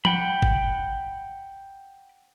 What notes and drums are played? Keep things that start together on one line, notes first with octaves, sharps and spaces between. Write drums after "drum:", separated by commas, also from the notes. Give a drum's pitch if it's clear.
F#5 G5 B5, drum: tom F3
drum: kick G1